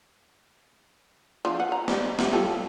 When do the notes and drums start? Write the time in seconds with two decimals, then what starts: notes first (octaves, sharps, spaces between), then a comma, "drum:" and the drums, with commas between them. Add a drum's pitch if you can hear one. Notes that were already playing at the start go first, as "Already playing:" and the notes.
1.45 F3 D4 F4
1.60 B4 F#5
1.72 A#5
1.88 G3 D#4, drum: snare
2.19 G3 E4, drum: snare
2.33 F4 G4 A4, drum: tom F#3